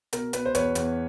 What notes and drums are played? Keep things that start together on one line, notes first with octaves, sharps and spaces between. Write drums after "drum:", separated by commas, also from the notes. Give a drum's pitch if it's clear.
B2 A#4, drum: hi-hat
B2 B4, drum: hi-hat
C5
E2 B4 C#5, drum: hi-hat
E2, drum: hi-hat